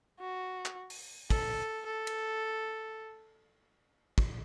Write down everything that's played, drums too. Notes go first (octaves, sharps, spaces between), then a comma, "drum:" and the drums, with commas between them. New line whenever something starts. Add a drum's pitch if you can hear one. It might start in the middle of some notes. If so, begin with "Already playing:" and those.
F#4
drum: clap
drum: open hi-hat
A4, drum: kick
A4
drum: cymbal
drum: kick